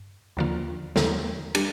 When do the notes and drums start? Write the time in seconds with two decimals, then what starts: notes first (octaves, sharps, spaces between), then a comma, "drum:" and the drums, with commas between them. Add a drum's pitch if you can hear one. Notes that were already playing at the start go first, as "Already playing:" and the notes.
Already playing: G2
0.37 D#2 D3 F3 A#3 F4
0.96 D#2 D3 F3 A#3, drum: snare
1.55 G3 D4 G4, drum: cymbal